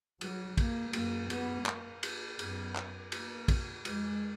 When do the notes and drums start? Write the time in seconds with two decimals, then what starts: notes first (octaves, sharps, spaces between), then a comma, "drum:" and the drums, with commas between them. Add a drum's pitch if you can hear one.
0.21 F#3, drum: cymbal
0.57 A#3, drum: kick, cymbal
0.93 F#2 A#3, drum: cymbal
1.30 B3, drum: cymbal
1.66 A#3, drum: clap
2.03 drum: cymbal
2.39 F#2 B3, drum: cymbal
2.76 drum: clap
3.12 A#3, drum: cymbal
3.48 drum: kick, cymbal
3.85 F2 G#3, drum: cymbal